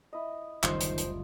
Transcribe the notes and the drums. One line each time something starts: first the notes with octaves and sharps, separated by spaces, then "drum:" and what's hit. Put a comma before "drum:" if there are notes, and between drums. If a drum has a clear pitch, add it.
E4 D#5
F#1 D2 D#3 G3 F4 C5 D#5, drum: clap
drum: hi-hat
drum: hi-hat